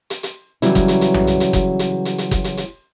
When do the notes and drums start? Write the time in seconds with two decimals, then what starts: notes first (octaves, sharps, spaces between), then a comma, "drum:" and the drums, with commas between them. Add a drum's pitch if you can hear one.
0.10 drum: hi-hat
0.23 drum: hi-hat
0.62 C#3 E3 F#3 G3 E4, drum: hi-hat
0.75 drum: kick F#1, hi-hat
0.88 drum: hi-hat
1.01 drum: hi-hat
1.14 drum: tom B1
1.27 drum: hi-hat
1.40 drum: hi-hat
1.53 drum: kick F#1, hi-hat
1.79 drum: hi-hat
2.05 drum: hi-hat
2.18 drum: hi-hat
2.31 drum: kick F#1, hi-hat
2.44 drum: hi-hat
2.57 drum: hi-hat